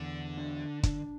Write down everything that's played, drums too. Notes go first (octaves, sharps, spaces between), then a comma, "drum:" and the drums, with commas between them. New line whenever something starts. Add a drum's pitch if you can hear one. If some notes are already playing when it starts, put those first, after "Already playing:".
Already playing: E2 D3
D4
D4, drum: kick, hi-hat